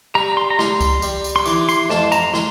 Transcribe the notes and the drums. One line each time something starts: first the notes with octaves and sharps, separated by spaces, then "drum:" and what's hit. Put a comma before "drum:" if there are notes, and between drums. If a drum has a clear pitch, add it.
G3 A#5
C6
A#5
G3 C6, drum: snare
drum: kick C#2, tambourine
G3, drum: tambourine
drum: tambourine
C6
E3 D6, drum: tambourine
C6, drum: tambourine
F2 A5, drum: snare
A#5, drum: tambourine
C6, drum: snare